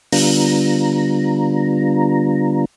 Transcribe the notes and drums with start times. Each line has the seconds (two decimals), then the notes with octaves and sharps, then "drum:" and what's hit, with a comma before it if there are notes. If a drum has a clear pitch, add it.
0.12 D3 G3 B3 D4 F4 A#5, drum: open hi-hat